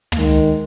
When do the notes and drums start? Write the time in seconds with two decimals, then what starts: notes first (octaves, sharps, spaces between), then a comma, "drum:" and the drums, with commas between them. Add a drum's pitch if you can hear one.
0.12 A#3, drum: tom
0.18 D#3 G#3